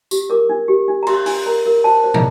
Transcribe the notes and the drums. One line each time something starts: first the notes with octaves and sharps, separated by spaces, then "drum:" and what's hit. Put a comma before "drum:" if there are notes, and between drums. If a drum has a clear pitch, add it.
G4, drum: tambourine
A#4 D6
D4
G4
D4
A#5
G4 C6, drum: cymbal
D4, drum: open hi-hat
A#4 A#5
A#4
C5 A5
C5
A#5, drum: tom